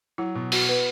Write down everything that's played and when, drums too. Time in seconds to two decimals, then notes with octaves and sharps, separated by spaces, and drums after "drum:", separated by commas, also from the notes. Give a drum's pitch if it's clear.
0.18 F#3 E4
0.35 B2
0.52 B3 F#4, drum: open hi-hat
0.69 B3 B4